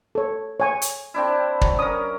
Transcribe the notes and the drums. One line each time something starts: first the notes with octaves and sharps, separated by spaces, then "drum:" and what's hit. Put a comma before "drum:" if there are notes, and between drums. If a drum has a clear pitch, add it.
A4 C#5
C#5 G#5 C#6
drum: hi-hat
C4 D4 E4
F#3, drum: kick
C#4 A#4 D#6